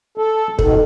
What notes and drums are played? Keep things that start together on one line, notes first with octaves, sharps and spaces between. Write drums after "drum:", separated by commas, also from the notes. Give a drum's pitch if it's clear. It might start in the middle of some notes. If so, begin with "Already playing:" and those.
A4
B2 D#3 A4, drum: kick